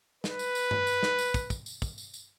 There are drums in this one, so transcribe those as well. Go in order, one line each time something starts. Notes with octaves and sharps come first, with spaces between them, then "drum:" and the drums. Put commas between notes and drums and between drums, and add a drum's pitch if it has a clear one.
B4, drum: snare
drum: tambourine
drum: tambourine
drum: tom G2
drum: tambourine
drum: snare
drum: tambourine
drum: kick, tambourine
drum: kick, tambourine
drum: tambourine
drum: kick, tambourine
drum: tambourine
drum: tambourine